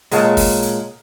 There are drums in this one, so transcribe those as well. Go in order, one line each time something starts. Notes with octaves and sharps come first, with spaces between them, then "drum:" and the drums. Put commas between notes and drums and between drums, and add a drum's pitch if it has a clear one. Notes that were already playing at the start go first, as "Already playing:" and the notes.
A#2 G#3 C#5 F#5 A5, drum: hi-hat
drum: kick, open hi-hat
drum: hi-hat